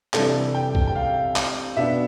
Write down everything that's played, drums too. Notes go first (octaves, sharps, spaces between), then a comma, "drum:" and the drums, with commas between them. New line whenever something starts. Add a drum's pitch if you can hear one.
C3 E3 G3 D4 A4, drum: clap
G5
drum: kick B1
G5
F5
drum: clap
B2 B3 D4 E5